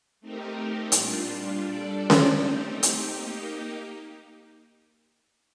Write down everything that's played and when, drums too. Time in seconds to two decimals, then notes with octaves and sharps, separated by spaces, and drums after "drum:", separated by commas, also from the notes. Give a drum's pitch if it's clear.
0.21 A3 C4 D#4 G4 A#4
0.92 A#2 G3 D4 F4, drum: hi-hat
1.62 G3 D4 A4 D5
2.10 drum: snare C#4
2.33 A3 C4 D#4 G4
2.83 drum: hi-hat
3.04 A#3 D#4 G4